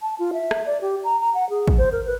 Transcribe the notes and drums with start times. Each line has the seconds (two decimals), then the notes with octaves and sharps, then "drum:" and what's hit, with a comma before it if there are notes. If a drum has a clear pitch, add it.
0.02 A5
0.19 F4
0.33 E5
0.51 drum: rim click
0.66 D5
0.81 G4
1.04 A#5
1.20 A#5
1.34 F#5
1.50 G#4
1.68 drum: kick
1.78 C5
1.92 A#4
2.06 B4